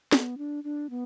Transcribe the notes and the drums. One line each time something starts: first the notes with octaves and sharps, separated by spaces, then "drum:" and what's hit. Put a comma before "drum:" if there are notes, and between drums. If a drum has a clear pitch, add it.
B3, drum: snare
D4
D4
B3